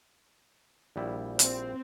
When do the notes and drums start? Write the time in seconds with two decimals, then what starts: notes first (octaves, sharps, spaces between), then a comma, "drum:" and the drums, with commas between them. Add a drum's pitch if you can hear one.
0.96 A#1 G3 E4
1.39 C4, drum: hi-hat